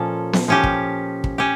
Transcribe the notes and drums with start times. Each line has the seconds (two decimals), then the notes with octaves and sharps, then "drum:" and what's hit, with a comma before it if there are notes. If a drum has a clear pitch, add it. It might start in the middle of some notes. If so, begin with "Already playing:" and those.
Already playing: A#2 F3 C#4 A4
0.33 drum: snare B3
0.48 F3 C#4 G4
0.64 drum: kick
1.24 drum: kick
1.38 C#4 G4